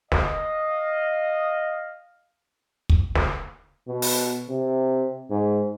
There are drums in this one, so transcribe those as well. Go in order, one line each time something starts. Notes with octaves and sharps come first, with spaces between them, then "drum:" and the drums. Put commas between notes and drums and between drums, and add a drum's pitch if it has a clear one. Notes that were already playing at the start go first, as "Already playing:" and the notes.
D#5 F5, drum: snare
drum: kick
drum: snare
B2
drum: open hi-hat
C3
G#2